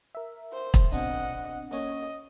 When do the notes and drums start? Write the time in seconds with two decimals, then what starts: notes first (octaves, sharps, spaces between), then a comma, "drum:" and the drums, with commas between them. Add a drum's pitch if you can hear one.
0.15 A#4 E5
0.53 C5
0.74 drum: kick
0.92 B2 C4 D4 D#5 F#5
1.72 A#3 C#4 C#5 D#5